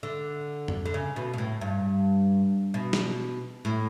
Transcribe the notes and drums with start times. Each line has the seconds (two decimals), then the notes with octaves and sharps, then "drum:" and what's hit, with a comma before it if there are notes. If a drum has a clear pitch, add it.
0.03 D3
0.68 drum: tom F2
0.86 D3
0.94 C#3
1.16 B2
1.34 B2
1.38 A2
1.61 G2
2.74 B2
2.93 drum: snare
3.65 A2